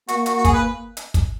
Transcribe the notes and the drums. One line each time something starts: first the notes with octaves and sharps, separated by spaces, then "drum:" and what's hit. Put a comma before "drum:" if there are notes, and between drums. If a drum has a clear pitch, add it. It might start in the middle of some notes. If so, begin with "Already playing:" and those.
A#3 F#4, drum: hi-hat
F#4, drum: hi-hat
F#4
G#4, drum: kick, hi-hat
B4
drum: hi-hat
drum: kick, hi-hat